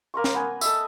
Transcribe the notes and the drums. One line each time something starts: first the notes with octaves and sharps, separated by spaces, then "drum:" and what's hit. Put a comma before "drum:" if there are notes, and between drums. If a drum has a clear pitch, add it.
A#3 A#4 C6 C#6
drum: snare
B3 G#5
A4 D#5 E5, drum: tambourine